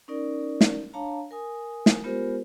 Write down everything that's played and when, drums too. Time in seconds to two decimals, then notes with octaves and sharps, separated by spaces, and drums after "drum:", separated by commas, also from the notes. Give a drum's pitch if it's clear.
0.08 C#4 D#4 A#4 D5
0.61 drum: snare
0.93 D4 C#5 F5 A5 A#5
1.31 A#4 G#5 D#6
1.86 drum: snare
2.04 G#3 B3 F4 G4 A#4 C5